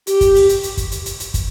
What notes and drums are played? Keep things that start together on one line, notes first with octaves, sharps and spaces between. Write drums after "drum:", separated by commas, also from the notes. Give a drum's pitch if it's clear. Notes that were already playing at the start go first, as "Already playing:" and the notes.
G4, drum: hi-hat
drum: kick, hi-hat
drum: open hi-hat
drum: hi-hat
drum: hi-hat
drum: kick, hi-hat
drum: hi-hat
drum: hi-hat
drum: hi-hat
drum: kick, hi-hat